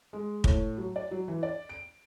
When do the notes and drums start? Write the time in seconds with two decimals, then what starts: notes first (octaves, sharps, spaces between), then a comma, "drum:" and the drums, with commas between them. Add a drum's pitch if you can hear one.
0.13 G#3
0.44 A2, drum: kick
0.78 F#3
0.96 D5
1.11 F#3
1.28 E3
1.43 D5
1.69 D7